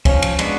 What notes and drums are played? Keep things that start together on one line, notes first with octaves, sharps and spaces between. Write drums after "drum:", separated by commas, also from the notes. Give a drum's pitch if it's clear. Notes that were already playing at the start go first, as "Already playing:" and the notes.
F3 C#4, drum: kick, cymbal
drum: cymbal
G#3 B3 D4 F#4, drum: cymbal